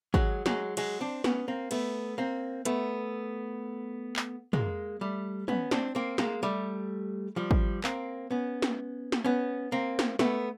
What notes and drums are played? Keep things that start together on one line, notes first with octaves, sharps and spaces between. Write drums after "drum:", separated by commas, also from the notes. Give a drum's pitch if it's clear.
F#3 G#3, drum: kick
F#3 G#3, drum: snare
F#3 G#3, drum: cymbal
C4 D4
B3 C#4, drum: snare
A#3 C4
A3 B3, drum: cymbal
A#3 C4
A3 B3, drum: hi-hat
drum: clap
G#3 A#3, drum: tom
G3 A3
B3 C#4, drum: tom
C4 D4, drum: snare
A#3 C4
G#3 A#3, drum: snare
G3 A3
F3 G3
drum: kick
A#3 C4, drum: clap
B3 C#4
drum: snare
drum: snare
B3 C#4
A#3 C4
drum: snare
A3 B3, drum: snare